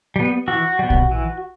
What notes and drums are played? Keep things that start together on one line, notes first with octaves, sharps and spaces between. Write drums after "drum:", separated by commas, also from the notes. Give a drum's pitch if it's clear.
G3 B3
E3 F#4
G3 B3
drum: kick A#1
E3